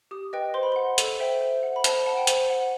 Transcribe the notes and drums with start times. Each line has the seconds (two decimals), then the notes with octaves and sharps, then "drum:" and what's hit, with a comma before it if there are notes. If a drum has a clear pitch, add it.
0.11 G4 D#6
0.33 B4 D#5 G5
0.54 C5 C6
0.63 B5
0.72 F#5 C6
0.98 A4, drum: hi-hat
1.19 C5 E5 G5
1.41 C5
1.63 F#5
1.76 B5
1.84 C5 A5, drum: hi-hat
1.96 B5
2.06 F#5 A5
2.17 G5
2.27 C5, drum: hi-hat
2.50 F#5